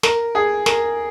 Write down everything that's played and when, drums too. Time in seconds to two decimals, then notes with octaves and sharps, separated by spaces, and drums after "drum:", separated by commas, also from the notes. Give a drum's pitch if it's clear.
0.03 A#4, drum: snare
0.35 G#4
0.66 A#4, drum: snare